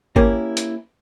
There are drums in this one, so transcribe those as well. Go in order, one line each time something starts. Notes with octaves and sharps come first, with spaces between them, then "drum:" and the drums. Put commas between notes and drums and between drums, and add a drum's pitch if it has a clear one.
A#3 C#4 E4 G4 A#4, drum: kick G#1
drum: hi-hat